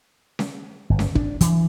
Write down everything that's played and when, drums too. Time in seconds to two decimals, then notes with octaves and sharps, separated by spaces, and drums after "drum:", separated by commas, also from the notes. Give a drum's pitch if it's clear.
0.39 drum: snare C#4
0.90 G1
0.99 drum: snare C#4
1.15 D4, drum: kick
1.41 E3, drum: hi-hat